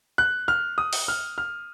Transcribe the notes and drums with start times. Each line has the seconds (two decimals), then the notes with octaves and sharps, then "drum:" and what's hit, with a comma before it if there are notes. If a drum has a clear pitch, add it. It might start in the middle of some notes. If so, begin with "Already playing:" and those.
0.18 F#6
0.48 F6
0.78 D#6
0.93 drum: open hi-hat
1.08 F6
1.38 F6